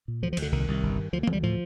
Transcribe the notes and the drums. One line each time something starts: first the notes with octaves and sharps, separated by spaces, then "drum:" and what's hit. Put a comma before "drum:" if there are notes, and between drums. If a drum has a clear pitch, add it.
A#2
D2 F3
F3
D2, drum: cymbal
D3
C2 D#3
C2
G1
G2
D2 F3
A#3
D2, drum: tom E3
G3
A2 F3